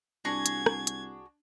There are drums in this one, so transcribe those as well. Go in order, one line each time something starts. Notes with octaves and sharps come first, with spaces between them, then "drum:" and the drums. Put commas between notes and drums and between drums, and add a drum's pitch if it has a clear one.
C2 D4 F#4 G#4 G#6
drum: hi-hat
drum: rim click
drum: hi-hat